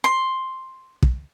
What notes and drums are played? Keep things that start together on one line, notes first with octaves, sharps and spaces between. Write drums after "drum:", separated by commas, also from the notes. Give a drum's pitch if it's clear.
C6
drum: kick